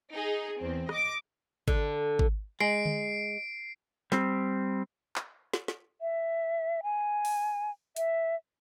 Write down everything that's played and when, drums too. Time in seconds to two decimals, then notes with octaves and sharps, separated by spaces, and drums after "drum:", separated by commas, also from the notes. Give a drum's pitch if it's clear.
0.12 D#4 G#4
0.57 E2 C4
0.89 D#5 D6, drum: rim click
1.68 D3, drum: kick G#1
2.19 drum: kick G#1
2.61 G#3 C7 D7
2.86 drum: tom D3
4.12 G3 C4, drum: snare
5.16 drum: clap
5.53 drum: snare
5.68 drum: snare
6.01 E5
6.83 G#5
7.25 drum: open hi-hat
7.96 E5, drum: hi-hat